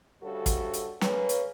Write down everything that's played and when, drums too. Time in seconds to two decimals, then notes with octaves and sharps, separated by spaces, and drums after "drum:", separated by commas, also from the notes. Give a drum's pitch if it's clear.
0.23 D2 C#3 G3 F#4 A4
0.46 drum: kick, hi-hat
0.74 drum: hi-hat
1.01 C#3 A#3 C#4 B4, drum: snare
1.29 drum: hi-hat